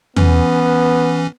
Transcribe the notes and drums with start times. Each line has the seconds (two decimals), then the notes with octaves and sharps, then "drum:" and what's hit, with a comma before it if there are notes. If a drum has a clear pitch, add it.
0.16 E3 B3 C#4, drum: tom E2